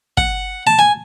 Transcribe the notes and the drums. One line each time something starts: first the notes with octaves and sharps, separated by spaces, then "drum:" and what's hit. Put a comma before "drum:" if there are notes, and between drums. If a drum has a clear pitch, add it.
F#5, drum: kick
A5
G#5